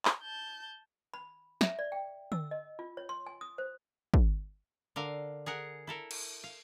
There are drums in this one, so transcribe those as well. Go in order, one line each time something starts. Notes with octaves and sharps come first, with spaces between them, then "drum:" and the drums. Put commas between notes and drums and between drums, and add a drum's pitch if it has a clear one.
drum: clap
A5 G6
B5
E5, drum: snare
D5
G5
E6, drum: tom D3
D#5
F4
C#5
C6
G#5
D#6
C5
drum: kick
D3 A#4 F5
G#4 A#4 F#5
E4 A4 A#4
drum: cymbal
F5